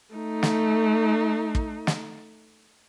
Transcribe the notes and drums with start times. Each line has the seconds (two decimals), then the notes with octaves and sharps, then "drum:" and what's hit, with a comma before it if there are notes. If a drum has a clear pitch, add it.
0.15 A3 D#4
0.43 drum: snare
1.55 drum: kick
1.87 drum: snare